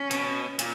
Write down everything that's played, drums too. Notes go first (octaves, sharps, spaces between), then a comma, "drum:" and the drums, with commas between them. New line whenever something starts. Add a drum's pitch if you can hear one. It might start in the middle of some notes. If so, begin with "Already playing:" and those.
Already playing: C#4
B2, drum: hi-hat
A#2, drum: hi-hat